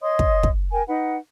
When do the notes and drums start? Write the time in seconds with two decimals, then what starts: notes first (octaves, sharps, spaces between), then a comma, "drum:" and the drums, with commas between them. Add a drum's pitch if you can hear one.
0.01 C#5 D#5 C6 D#6
0.19 drum: kick
0.43 drum: kick
0.72 A#4 G5 G#5
0.87 D#4 B4 F#5